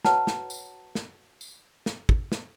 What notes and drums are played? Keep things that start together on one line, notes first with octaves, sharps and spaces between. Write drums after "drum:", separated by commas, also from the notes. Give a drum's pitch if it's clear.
F#4 B4 C#5 F#5 A5 A#5, drum: snare
drum: snare
drum: tambourine
drum: snare
drum: tambourine
drum: snare
drum: kick
drum: snare